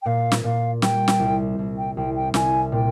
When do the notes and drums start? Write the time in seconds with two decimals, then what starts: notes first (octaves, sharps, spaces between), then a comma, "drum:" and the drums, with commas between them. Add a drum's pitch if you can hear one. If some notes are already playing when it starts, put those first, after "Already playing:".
0.02 G5
0.06 A#2 F5
0.32 drum: snare
0.44 A#2 F5
0.82 G3 G5, drum: snare
1.08 drum: snare
1.20 C2
1.59 C2
1.77 G5
1.97 C2 G5
2.15 G5
2.34 C2 G#5, drum: snare
2.72 A#2 G5